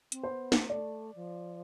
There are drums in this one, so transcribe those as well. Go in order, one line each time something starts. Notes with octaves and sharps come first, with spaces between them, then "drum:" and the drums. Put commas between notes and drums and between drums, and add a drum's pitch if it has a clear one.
C4, drum: hi-hat
B3 C5
drum: snare
A3 D5
F3